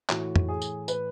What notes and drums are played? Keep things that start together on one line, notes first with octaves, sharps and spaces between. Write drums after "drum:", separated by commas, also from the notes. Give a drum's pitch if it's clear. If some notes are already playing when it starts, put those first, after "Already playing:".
A2 E3 F#4, drum: clap
drum: tom
G#4
drum: tambourine
B4, drum: tambourine